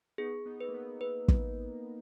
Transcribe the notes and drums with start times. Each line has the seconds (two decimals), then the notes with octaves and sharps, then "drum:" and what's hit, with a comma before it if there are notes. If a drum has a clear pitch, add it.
0.18 B3 D#4 G#4
0.46 B3 D#4
0.61 B4
0.69 A#3
0.74 B3
1.01 B3 B4
1.28 drum: kick